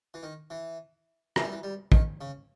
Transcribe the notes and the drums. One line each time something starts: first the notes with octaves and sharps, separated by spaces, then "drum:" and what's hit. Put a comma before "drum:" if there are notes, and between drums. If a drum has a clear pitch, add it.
E3
D#3
E3
E3, drum: rim click
G3
E3
G3
D#3, drum: kick
C#3